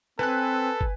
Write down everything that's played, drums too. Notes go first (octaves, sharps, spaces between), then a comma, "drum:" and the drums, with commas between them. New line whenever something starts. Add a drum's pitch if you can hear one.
C4 A4 B4 G#5 F#6, drum: rim click
drum: kick